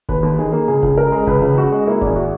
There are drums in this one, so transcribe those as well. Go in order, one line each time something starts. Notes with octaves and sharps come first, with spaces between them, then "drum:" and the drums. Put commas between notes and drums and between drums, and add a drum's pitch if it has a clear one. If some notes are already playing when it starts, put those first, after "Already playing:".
D#2 B4, drum: kick F1
D#2
D#3 G#4
A#3
C#2 G#4
C#2, drum: kick F1
C#3 A#4
G#3
C#2 B4, drum: kick F1
C#2
C#3 F#4
G#3
A#3 E4
G#1, drum: kick F1
G#4
F#4